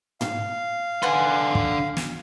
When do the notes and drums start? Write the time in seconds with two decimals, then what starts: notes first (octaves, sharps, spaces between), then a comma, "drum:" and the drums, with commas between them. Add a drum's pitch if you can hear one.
0.21 F5, drum: tom
1.03 D3 B4 F#5 G#5 C6
1.55 drum: kick
1.97 drum: snare